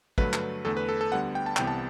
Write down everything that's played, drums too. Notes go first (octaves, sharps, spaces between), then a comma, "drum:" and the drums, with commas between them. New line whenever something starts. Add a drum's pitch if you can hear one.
G2 D3 F#3 A3 B4, drum: kick
drum: clap
E2 D3 A3 A4
B4
A4
A4
D2 D3 G3 B3 F#5
G5
A5
C2 C3 E3 B3 G5, drum: clap
A5